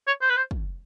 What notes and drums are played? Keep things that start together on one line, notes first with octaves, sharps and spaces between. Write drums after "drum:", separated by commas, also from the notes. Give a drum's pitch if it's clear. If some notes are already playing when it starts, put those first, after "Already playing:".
C#5
C5
B4
C5
drum: kick